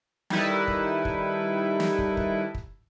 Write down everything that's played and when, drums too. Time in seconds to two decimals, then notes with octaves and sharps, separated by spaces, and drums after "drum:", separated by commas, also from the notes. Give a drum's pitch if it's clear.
0.30 D#3 G3 D#4 E4 A4 B4, drum: snare
0.68 drum: kick
1.05 drum: kick
1.80 drum: snare
1.98 drum: kick
2.17 drum: kick
2.55 drum: kick